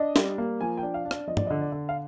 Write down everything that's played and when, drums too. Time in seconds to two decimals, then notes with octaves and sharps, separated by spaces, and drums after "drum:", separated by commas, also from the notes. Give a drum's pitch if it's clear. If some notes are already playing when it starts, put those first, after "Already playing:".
Already playing: D4 D#5
0.16 G3, drum: snare
0.38 A#3
0.61 F3 G#5
0.77 G5
0.83 D4
0.94 F5
1.05 D4
1.11 D5, drum: rim click
1.27 F3 D#5
1.37 D5, drum: tom
1.47 D3 D#5
1.61 D5
1.72 D3
1.89 F5